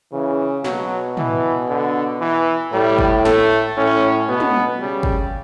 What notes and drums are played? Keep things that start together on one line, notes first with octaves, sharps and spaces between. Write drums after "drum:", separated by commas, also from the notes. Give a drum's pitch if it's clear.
C#3 E3
B2 F#3, drum: snare
E3, drum: tom
D3
E3
A2 G3
drum: kick
A3, drum: snare
A2 C#4
B2 B3
drum: tom
C#3 G3
drum: kick